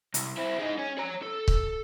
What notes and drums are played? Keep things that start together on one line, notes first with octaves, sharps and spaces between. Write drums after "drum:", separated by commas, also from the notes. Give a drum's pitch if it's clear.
C2, drum: hi-hat
C4 E4
G#3 D#4
C#4
C#5 A#5
A4
drum: kick C#1